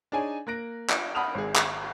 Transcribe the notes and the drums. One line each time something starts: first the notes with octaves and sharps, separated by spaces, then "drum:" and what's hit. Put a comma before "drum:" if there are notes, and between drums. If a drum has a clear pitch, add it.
D4 D#4 G#4 C#5 G#5
A#3 F#6 A#6 D7
F4, drum: clap
F#5 A5 B5 D#6 F6 F7
G#1 G#4
drum: clap